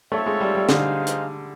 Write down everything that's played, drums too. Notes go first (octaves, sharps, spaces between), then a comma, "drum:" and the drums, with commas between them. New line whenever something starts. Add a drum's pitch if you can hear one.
A3 C4 F4 A4 C#5 E5
G#3
G3
G3
D3 D#4 G#4 C5 F5, drum: snare
drum: hi-hat